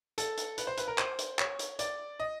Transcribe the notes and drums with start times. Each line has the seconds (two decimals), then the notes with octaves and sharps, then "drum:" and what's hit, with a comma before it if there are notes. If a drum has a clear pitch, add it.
0.18 A4, drum: hi-hat
0.37 drum: hi-hat
0.58 B4, drum: hi-hat
0.67 C5
0.77 B4, drum: hi-hat
0.88 A#4
0.98 C5, drum: clap
1.19 drum: hi-hat
1.39 C#5, drum: clap
1.59 drum: hi-hat
1.79 D5, drum: hi-hat
2.20 D#5